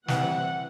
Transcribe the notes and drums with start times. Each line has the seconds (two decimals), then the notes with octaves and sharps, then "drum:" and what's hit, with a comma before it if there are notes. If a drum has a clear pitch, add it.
0.08 E3 G3 C4 F#5, drum: snare